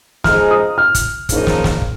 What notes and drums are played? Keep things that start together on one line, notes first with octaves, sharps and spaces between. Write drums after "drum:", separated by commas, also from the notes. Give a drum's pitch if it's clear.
F3 G#3 D#4 G#4 F6, drum: snare
D#6
F6
drum: kick, hi-hat
C#3 F3 A#3 D#4, drum: kick, hi-hat
drum: snare
drum: snare
drum: kick